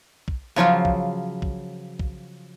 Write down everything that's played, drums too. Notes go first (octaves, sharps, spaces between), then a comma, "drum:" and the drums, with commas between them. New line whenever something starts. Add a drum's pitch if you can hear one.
drum: kick
C#3 F3 F#3 F4
drum: kick
drum: kick
drum: kick